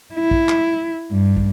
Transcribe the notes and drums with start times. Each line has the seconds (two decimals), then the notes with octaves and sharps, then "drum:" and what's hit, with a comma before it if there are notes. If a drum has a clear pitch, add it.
0.14 E4
0.31 drum: kick
0.49 drum: clap
1.11 G2
1.37 drum: kick